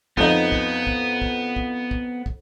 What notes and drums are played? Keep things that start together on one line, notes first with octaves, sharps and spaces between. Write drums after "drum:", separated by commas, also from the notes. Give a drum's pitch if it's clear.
F2 B3 D#4, drum: kick
drum: kick
drum: kick
drum: kick
drum: kick
drum: kick
drum: kick